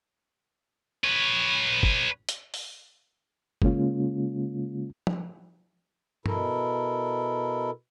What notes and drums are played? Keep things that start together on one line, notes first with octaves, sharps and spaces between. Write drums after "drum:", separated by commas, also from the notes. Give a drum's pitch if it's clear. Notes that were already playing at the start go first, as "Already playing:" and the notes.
B4 C#5
drum: kick G1
drum: hi-hat
drum: open hi-hat
C#3 G#3 A#3 C#4 F4, drum: kick G1
drum: tom
B2 E4 A4 A#4, drum: tom G2